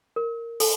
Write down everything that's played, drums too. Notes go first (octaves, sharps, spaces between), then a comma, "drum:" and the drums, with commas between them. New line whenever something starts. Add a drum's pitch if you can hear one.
A#4
A4, drum: open hi-hat